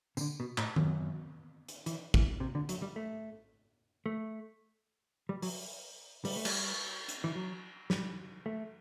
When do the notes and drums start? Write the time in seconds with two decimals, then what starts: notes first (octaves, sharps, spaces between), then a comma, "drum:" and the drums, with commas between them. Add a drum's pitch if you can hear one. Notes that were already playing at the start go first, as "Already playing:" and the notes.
0.17 C3, drum: tambourine
0.21 D3
0.40 B2
0.58 A2, drum: clap
0.76 F#2, drum: tom D#3
1.69 drum: hi-hat
1.86 E3, drum: hi-hat
2.14 E3, drum: kick
2.40 C3
2.55 D3
2.69 F#3, drum: hi-hat
2.82 G3
2.96 A3
4.06 A3
5.29 G3
5.42 F#3, drum: open hi-hat
6.25 G3, drum: open hi-hat
6.36 A3
6.45 G3, drum: cymbal
7.09 drum: hi-hat
7.24 E3
7.35 F#3
7.90 G3, drum: snare
8.46 A3